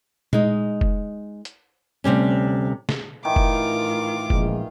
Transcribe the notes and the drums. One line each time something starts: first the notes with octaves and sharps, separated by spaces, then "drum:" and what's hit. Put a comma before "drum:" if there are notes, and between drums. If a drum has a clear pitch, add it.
G#3 D#4, drum: tom A#2
drum: kick F1
drum: hi-hat
D2 C3 G3 C#4
drum: snare
A2 D#3 E3 F4 A#4 D6
drum: kick F1
A#1 G#3, drum: kick F1